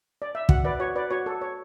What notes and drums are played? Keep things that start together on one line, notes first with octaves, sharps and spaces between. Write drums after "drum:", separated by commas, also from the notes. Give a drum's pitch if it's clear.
D5
E5
F#4 F#5, drum: kick
B4 D5
F#4 C#5
B4 D5
F#4 C#5
A4
C#5